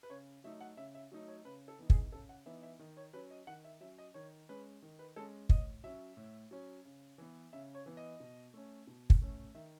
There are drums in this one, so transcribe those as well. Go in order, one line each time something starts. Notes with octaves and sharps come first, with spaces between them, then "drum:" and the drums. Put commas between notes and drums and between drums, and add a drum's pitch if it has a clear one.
B4
C#3 C#5
F#3 A3 D#4 E5
F#5
C#3 E5
E5
F#3 A3 D#4
C#5
C#3 B4
A4
E3 B3 D#4
G#4, drum: kick
C#3 A4
F#5
E3 B3 D#4 E5
E5
D#3 D#5
C#5
F#3 C#4 B4
D#5
D#3 F#5
E5
F#3 C#4 E5
D#5
D#3 C#5
G#3 C#4 B4
D#3
B4
G#3 C#4 A4
A2 D#5, drum: kick
F#3 C#4 E5
A2
F#3 C#4
C#3
E3 B3
C#3 E5
C#5
E3 B3
D#5
B2
A3 C#4
B2
drum: kick
A3 C#4
D#3 E5